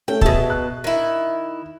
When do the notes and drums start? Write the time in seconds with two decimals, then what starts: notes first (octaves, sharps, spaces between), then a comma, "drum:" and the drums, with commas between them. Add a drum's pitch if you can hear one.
0.08 A3 C#4 G5
0.21 B2 G#4 E5 A5, drum: kick
0.50 F#6
0.84 D#3 E4